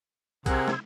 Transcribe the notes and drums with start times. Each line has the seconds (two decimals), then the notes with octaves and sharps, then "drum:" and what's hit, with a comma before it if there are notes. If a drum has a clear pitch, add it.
0.46 C3 G#4 A#4 F#5 C6 E6 G#6, drum: kick B1, hi-hat
0.68 drum: snare